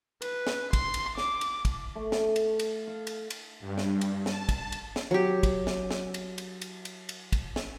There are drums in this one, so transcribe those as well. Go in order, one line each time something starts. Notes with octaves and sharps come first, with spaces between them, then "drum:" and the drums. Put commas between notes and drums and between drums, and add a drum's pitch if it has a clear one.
B4, drum: cymbal
drum: snare
C6, drum: kick, cymbal
drum: cymbal
D6, drum: snare
drum: cymbal
drum: kick, cymbal
A3
drum: snare
drum: cymbal
drum: cymbal
F5
drum: cymbal
drum: cymbal
G2
drum: snare
drum: cymbal
A5, drum: snare
drum: kick, cymbal
drum: cymbal
drum: snare
F#3 G4
drum: kick, cymbal
drum: snare
drum: snare
drum: cymbal
drum: cymbal
drum: cymbal
drum: cymbal
drum: cymbal
drum: kick, cymbal
drum: snare